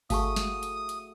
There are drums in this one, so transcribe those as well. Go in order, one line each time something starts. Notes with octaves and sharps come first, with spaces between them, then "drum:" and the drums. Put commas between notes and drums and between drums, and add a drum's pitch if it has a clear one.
A3 F#4 G#4 F5 A5 C#6 D#6, drum: kick G1, open hi-hat
drum: snare
drum: hi-hat
drum: hi-hat